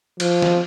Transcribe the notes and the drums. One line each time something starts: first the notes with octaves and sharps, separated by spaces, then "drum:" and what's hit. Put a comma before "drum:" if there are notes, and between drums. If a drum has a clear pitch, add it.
F3, drum: cymbal
drum: snare